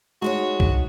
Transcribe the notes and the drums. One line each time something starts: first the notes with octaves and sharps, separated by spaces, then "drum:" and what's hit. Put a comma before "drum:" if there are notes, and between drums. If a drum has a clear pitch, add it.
G#3 A3 D#4 F#4 C#5
drum: kick C2